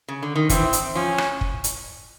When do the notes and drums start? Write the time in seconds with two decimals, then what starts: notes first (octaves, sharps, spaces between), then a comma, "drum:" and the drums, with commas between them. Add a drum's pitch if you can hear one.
0.08 C#3
0.23 D3
0.36 D#3
0.49 E3 C4, drum: kick, hi-hat
0.73 drum: hi-hat
0.95 F3 C#4
1.18 drum: rim click
1.41 drum: kick
1.64 drum: hi-hat